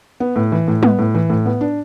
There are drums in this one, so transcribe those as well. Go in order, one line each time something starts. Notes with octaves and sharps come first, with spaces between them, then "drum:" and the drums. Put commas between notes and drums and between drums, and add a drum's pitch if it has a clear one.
B3
A2
E3
A2
B3, drum: tom G3
A2
E3
A2
B3
D4